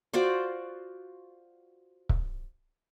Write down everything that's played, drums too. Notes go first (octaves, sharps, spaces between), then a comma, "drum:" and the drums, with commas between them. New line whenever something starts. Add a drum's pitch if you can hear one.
F4 F#4 C5 D5
drum: kick C#1